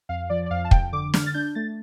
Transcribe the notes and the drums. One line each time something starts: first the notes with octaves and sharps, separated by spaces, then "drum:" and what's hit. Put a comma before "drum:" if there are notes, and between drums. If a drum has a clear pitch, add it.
F2 F5
F3 D5
D5
F2 F5
A5
F2 G5, drum: kick
D3 D6
D4 F6, drum: snare
A6
D4 G6
A3 A6